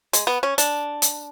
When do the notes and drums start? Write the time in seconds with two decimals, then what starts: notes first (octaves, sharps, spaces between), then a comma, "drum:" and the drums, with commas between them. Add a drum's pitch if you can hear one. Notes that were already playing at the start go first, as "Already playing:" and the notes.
0.13 G#3, drum: hi-hat
0.27 B3
0.43 C#4
0.58 D4, drum: hi-hat
1.02 drum: hi-hat